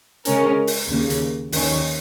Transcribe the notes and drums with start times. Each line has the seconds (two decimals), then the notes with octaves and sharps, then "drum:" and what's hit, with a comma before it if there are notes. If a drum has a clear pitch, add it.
0.25 C#3 G#3 C#4 A#4, drum: hi-hat
0.67 drum: open hi-hat
0.89 D#2 C#3 A#3
1.10 drum: hi-hat
1.52 D#2 D#3 C#4, drum: open hi-hat